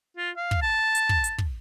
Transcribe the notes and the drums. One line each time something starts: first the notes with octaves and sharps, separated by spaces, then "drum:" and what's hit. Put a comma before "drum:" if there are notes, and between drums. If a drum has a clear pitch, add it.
F4
F5
drum: kick
A5
drum: hi-hat
drum: kick
drum: hi-hat
drum: kick